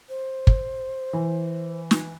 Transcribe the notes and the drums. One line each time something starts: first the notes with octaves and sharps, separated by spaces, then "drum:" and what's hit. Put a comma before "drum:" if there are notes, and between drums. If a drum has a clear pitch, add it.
C5
drum: kick
E3
drum: snare